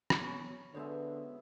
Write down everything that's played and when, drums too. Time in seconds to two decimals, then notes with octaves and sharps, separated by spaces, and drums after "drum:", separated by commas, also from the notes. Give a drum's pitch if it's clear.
0.10 drum: rim click
0.20 F#3 B3 C#4 C#5 B5
0.75 B2 D3 G#3 B3 C5 C#5 E5